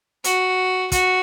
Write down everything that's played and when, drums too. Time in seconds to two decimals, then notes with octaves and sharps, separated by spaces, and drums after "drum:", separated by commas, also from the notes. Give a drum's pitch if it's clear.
0.24 F#4, drum: hi-hat
0.92 F#4, drum: kick, hi-hat